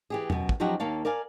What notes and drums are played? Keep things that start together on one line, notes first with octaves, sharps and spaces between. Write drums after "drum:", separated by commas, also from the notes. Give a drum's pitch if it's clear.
E3 G4 G#4
F#2 B2, drum: tom E2
drum: kick
F3 F#3 C#4 D#4 F#4 G4
D#2 A#3 C#5 F5 A5
A#4 D5 F5 G#5